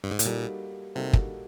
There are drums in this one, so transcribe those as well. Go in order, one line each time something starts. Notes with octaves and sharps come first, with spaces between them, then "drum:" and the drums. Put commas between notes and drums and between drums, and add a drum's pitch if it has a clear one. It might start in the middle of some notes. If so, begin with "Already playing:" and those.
G2
G#2
A2, drum: hi-hat
A#2 G3 A#3 D#4 F#4 A4
C3 G3 A#3 D#4 F#4 A4
drum: kick